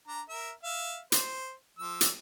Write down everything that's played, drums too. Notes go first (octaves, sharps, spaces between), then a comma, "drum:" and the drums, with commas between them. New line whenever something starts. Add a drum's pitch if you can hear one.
D4 A#5
A#4 E5
E5 F5
C5, drum: hi-hat
F3 E6
drum: hi-hat